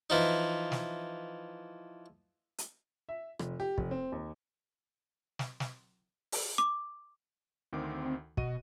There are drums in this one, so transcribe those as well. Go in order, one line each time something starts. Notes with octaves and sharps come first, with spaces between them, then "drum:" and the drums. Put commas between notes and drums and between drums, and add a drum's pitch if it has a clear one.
E3 F3 D#4
drum: snare
drum: hi-hat
E5
F1, drum: rim click
G4
F1, drum: kick
C4
D#2
drum: snare
drum: snare
drum: open hi-hat
D6
D2 D#3 C4 D6
B2 F#4 D#5 D#7, drum: kick